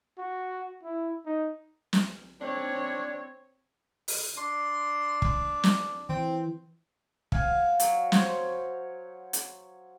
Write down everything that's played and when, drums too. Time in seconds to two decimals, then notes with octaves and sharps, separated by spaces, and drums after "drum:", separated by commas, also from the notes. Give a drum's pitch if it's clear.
0.18 F#4
0.83 E4
1.26 D#4
1.93 drum: snare
2.41 C4 D4 C#5
4.08 drum: open hi-hat
4.38 D4 C6
5.22 drum: kick
5.63 drum: snare
6.09 E3 C4
7.32 F5 F#5 G#5, drum: kick
7.80 F#3, drum: hi-hat
8.12 C5 C#5, drum: snare
9.33 drum: hi-hat